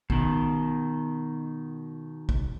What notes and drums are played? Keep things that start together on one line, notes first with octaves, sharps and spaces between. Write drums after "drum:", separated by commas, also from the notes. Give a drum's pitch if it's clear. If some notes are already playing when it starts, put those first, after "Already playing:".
B2 D#3, drum: kick
drum: kick